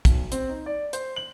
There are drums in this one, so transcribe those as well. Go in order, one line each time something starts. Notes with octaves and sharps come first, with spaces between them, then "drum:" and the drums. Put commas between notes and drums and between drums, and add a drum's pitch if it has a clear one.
B1, drum: kick, hi-hat
C4, drum: hi-hat
D#4
D5
C5, drum: hi-hat
F#7